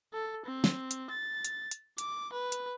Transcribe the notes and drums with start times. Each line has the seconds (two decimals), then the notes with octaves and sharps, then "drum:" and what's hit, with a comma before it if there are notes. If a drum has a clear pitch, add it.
0.13 A4
0.46 C4
0.64 drum: snare
0.91 drum: hi-hat
1.10 A6
1.45 drum: hi-hat
1.71 drum: hi-hat
1.98 D6, drum: hi-hat
2.33 B4
2.52 drum: hi-hat